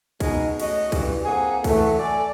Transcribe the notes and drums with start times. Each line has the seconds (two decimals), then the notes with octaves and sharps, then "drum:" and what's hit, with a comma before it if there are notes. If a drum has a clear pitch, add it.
0.20 B2 G#3 D#4, drum: kick C2, cymbal
0.60 A3 C#4 F#4 D#5, drum: cymbal
0.92 G2 E3, drum: kick C2, cymbal
1.25 A#3 C4 G#4 A4 F#5 G#5
1.64 E3 F#3 A3, drum: kick C2, cymbal
1.98 A4 D5 G#5